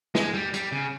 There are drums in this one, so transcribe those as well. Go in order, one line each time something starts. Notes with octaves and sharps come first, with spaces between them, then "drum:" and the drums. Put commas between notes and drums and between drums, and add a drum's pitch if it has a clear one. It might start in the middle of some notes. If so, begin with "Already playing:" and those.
G#3, drum: snare
G3
G3, drum: hi-hat
C#3